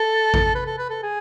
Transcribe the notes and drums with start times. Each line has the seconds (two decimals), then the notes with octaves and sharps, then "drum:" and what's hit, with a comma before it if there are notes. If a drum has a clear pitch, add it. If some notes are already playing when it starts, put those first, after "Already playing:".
Already playing: A4
0.34 drum: kick A1
0.55 B4
0.66 A4
0.78 B4
0.90 A4
1.03 G#4